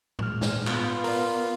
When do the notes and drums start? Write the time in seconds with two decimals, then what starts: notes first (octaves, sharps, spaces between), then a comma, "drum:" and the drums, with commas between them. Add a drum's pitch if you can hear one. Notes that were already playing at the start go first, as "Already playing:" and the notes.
0.19 A#2 G#3 F6, drum: tom G#2
0.41 drum: snare
0.67 B3 F4, drum: clap
1.04 A#4 D5, drum: open hi-hat